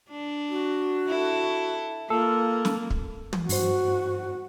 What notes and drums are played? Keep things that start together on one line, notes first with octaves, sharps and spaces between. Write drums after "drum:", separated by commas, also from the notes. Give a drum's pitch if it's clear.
D4
F#4
E4 A4
A#3 F4 A4
drum: snare
drum: kick
drum: tom
G2 F#4 C5, drum: open hi-hat